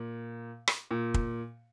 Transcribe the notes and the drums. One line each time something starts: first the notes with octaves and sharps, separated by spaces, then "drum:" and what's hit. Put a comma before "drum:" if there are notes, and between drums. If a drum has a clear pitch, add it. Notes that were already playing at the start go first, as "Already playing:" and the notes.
Already playing: A#2
drum: rim click
A#2
drum: kick